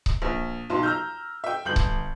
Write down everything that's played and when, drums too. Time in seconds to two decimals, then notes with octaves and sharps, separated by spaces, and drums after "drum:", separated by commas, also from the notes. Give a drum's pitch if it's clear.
0.06 drum: kick C#1
0.22 A#1
0.70 B1 F#3 C6
0.83 A#5 E6 F6 G6
1.44 E5 G5
1.65 G1 G6 F#7
1.76 drum: kick C#1